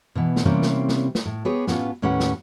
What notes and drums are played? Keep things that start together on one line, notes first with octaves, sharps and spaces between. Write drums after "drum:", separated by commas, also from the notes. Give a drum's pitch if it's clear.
B2 E3 B3
drum: snare
C3 E3 G3 A#3 C4 C#4
drum: snare
drum: snare
drum: snare
A2
B3 G4 G#4 B4 C#5
A2 B3 C#4 F4, drum: snare
D#2 A2 C#4 G4 B4 F#5
drum: snare